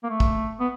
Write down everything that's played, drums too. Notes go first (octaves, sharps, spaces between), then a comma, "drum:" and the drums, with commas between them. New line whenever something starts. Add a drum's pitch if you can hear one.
A#3
A3
drum: kick
B3